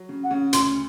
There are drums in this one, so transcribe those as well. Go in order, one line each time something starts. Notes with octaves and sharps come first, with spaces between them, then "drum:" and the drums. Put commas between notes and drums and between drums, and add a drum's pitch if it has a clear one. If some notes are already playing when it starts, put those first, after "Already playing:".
Already playing: F#3
C#3
F#5
C#3
D2 C6, drum: hi-hat